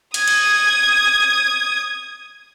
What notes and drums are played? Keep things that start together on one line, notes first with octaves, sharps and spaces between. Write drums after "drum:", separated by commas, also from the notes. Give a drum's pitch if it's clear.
D#6 G#6, drum: hi-hat
drum: cymbal